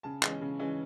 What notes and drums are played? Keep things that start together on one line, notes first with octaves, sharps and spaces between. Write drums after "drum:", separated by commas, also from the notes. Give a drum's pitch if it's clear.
C#3 A5
E3 G#3 C#4, drum: clap
C#3
E3 G#3 C#4